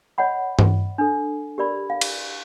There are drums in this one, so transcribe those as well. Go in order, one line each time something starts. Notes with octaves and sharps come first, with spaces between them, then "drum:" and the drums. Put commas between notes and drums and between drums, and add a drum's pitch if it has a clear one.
C#5 D#5 F#5 B5
drum: tom G2
D4 A4
G4 A#4 D5 B5
F5
drum: cymbal